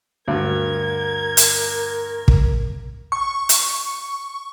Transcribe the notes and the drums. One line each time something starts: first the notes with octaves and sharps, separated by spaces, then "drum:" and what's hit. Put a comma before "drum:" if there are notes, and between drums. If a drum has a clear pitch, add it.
D2 G2 A#4 G#6
drum: hi-hat
drum: kick
C#6
drum: hi-hat